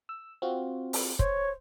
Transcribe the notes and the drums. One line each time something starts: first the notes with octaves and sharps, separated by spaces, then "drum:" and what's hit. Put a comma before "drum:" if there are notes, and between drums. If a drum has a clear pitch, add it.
E6
C4 F4 F#4
drum: open hi-hat
C5 C#5, drum: kick